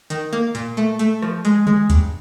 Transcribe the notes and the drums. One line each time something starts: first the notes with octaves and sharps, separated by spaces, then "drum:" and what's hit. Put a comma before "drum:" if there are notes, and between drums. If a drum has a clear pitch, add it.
D#3, drum: hi-hat
A#3
A#2, drum: hi-hat
A3
A3, drum: hi-hat
F3, drum: rim click
G#3, drum: hi-hat
G#3, drum: tom D3
G2, drum: kick D2, hi-hat